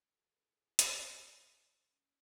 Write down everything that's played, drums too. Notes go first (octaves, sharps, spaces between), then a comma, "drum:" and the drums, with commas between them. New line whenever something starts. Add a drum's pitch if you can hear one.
F#4 A4
G#4 B4
E4 G#4
E4 G#4
D#4 F#4, drum: hi-hat
C#4 E4
C#4